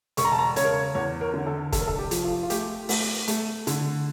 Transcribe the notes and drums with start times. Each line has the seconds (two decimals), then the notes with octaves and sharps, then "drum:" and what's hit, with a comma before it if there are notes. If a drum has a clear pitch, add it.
0.17 E1 C#6, drum: hi-hat
0.24 A#5
0.32 A5
0.39 A#5
0.56 C#3 C#5, drum: hi-hat
0.64 A#4
0.72 C#5
0.95 E2 C#5
1.21 A#4
1.34 D3
1.47 A4
1.72 F1 A4, drum: kick, hi-hat
1.80 A#4
1.88 A4
1.99 G4
2.11 F3, drum: hi-hat
2.24 F4
2.43 F4
2.50 A3 G4, drum: hi-hat
2.89 A3, drum: open hi-hat
3.28 A3, drum: hi-hat
3.67 D3, drum: hi-hat